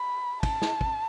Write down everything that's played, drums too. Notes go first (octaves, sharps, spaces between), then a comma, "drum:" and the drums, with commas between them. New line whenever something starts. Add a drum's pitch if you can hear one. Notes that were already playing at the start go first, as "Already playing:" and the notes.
Already playing: B5
A5, drum: kick, cymbal
drum: snare
drum: kick